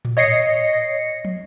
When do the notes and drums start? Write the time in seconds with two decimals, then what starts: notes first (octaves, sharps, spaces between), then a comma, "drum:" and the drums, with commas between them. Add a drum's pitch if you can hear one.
0.05 drum: tom A2
0.17 C#5 D#5 A#6 C7 C#7
1.25 drum: tom